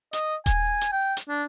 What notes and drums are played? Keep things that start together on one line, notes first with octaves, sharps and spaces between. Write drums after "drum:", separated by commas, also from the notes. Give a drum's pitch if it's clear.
D#5, drum: hi-hat
G#5, drum: kick D#1, hi-hat
drum: hi-hat
G5
drum: hi-hat
D4